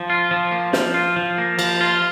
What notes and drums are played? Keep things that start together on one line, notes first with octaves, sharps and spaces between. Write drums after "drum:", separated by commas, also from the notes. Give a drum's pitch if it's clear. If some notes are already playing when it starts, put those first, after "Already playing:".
Already playing: F3
F4
F3
A#3
F3, drum: snare
F4
F3
A#3
F3, drum: cymbal
F4